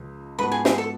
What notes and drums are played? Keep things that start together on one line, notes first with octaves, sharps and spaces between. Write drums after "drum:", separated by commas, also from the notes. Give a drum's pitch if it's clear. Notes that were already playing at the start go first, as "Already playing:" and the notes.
Already playing: C#2 C#3 F3
G#2 F3 B3 F#4 B4
G#4
G#4, drum: snare
A4